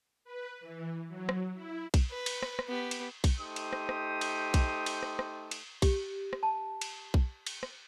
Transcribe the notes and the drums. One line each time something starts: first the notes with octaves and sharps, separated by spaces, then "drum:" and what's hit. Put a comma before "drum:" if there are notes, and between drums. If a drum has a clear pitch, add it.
B4
E3
F#3
drum: rim click
E4
drum: kick B1, cymbal
B4
drum: cymbal
drum: rim click
drum: rim click
B3 G4
drum: cymbal
drum: kick B1, cymbal
A3 D#4 G4 C5 D#6
drum: cymbal
drum: rim click
drum: rim click
drum: cymbal
drum: kick B1, cymbal
drum: cymbal
drum: rim click
drum: rim click
drum: cymbal
G4, drum: kick B1, cymbal
drum: rim click
A5
drum: cymbal
drum: kick B1
drum: cymbal
drum: rim click